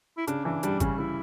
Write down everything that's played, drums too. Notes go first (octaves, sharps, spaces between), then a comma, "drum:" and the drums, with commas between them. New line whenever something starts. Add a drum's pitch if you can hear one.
E4
C#3 D4, drum: hi-hat
E3 D4
G3 D4, drum: hi-hat
C#3 C#4, drum: kick G#1, hi-hat
C#3 E4